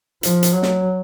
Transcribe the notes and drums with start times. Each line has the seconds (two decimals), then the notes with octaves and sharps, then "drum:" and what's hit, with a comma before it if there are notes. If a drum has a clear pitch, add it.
0.23 F3, drum: hi-hat
0.43 drum: hi-hat
0.53 F#3
0.62 drum: snare